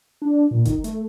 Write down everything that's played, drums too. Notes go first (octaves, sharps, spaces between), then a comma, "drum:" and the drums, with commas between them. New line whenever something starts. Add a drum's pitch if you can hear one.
D4
A#2
D#3, drum: kick F#1, hi-hat
A3, drum: hi-hat